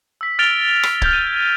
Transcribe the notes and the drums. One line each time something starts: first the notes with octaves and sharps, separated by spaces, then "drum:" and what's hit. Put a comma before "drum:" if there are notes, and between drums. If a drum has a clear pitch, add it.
E6 B6
F6 A6 D7 F7 G7
D7 G7
drum: rim click
F6 G6 G#6, drum: kick
D#7